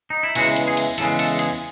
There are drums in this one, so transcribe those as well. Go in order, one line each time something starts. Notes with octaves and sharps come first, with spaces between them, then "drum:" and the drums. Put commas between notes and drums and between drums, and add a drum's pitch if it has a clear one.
D#4
E4
E2 C#3 E3 G#3 F#4, drum: cymbal
drum: cymbal
G#4
drum: cymbal
E2 C#3 E3 G#3 A4, drum: cymbal
A4, drum: cymbal
G#4, drum: cymbal